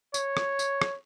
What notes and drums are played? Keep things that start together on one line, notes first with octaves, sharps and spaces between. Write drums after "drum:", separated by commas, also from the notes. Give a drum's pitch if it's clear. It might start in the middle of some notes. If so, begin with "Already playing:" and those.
C#5, drum: tambourine
drum: rim click
drum: tambourine
drum: rim click